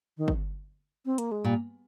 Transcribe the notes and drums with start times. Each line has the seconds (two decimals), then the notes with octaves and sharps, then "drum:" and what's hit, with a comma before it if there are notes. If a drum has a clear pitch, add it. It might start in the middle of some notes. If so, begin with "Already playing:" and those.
0.18 D#3
0.28 drum: kick
1.05 C4
1.18 A#3, drum: hi-hat
1.31 G#3
1.44 A#2 G3